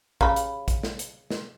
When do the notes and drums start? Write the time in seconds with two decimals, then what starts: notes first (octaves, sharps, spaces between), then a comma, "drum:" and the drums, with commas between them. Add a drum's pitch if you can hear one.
0.21 C#3 G4 B5, drum: kick
0.36 drum: hi-hat
0.68 drum: kick, hi-hat
0.83 drum: snare
0.99 drum: hi-hat
1.31 drum: snare